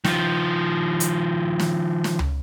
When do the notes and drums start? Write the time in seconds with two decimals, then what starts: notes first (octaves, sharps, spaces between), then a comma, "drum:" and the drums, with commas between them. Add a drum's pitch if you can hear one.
0.05 D#3 F3, drum: snare
1.00 drum: hi-hat
1.60 drum: snare
2.04 drum: snare
2.19 drum: tom C#2